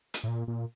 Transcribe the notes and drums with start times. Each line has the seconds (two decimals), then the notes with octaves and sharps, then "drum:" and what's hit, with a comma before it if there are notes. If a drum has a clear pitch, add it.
0.14 drum: hi-hat
0.24 A2
0.28 A#2
0.48 A#2